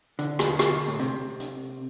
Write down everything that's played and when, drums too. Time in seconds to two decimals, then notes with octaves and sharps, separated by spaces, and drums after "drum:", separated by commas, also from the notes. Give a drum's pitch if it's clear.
0.19 D3, drum: hi-hat
0.39 drum: rim click
0.59 drum: rim click
0.88 A2
1.00 C3, drum: hi-hat
1.40 drum: hi-hat